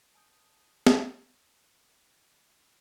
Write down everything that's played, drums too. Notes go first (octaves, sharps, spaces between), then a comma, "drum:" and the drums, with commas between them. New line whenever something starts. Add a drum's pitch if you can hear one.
G#5 A5 D#6 G6
drum: snare